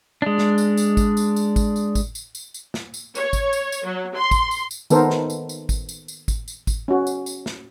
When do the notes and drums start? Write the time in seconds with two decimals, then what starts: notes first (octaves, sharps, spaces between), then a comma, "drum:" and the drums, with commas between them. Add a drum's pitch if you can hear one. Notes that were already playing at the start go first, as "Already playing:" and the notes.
0.22 G#3 D4
0.38 drum: snare
0.58 drum: tambourine
0.77 drum: tambourine
0.97 drum: kick G#1, tambourine
1.17 drum: tambourine
1.36 drum: tambourine
1.56 drum: kick G#1, tambourine
1.76 drum: tambourine
1.95 drum: kick G#1, tambourine
2.15 drum: tambourine
2.35 drum: tambourine
2.54 drum: tambourine
2.74 drum: snare
2.94 drum: tambourine
3.15 C#5, drum: tambourine
3.33 drum: kick G#1, tambourine
3.53 drum: tambourine
3.72 drum: tambourine
3.85 F#3
4.15 C6
4.31 drum: kick G#1, tambourine
4.51 drum: tambourine
4.71 drum: tambourine
4.90 D#3 B3 A4 A#4 C5, drum: tambourine
5.10 drum: snare
5.30 drum: tambourine
5.49 drum: tambourine
5.69 drum: kick G#1, tambourine
5.89 drum: tambourine
6.08 drum: tambourine
6.28 drum: kick G#1, tambourine
6.48 drum: tambourine
6.67 drum: kick G#1, tambourine
6.88 C#4 F#4
7.07 drum: tambourine
7.26 drum: tambourine
7.46 drum: snare